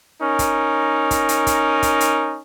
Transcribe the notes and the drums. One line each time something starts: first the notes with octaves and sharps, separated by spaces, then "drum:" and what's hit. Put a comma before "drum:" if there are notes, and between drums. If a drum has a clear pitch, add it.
C#4 D#4 A#4
drum: kick, hi-hat
drum: kick, hi-hat
drum: hi-hat
drum: kick, hi-hat
drum: kick, hi-hat
drum: hi-hat